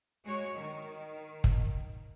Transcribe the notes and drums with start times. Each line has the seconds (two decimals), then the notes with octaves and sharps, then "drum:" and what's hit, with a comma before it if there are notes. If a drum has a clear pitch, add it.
0.24 G#3 F#4 C#5
0.55 D#3
1.44 drum: kick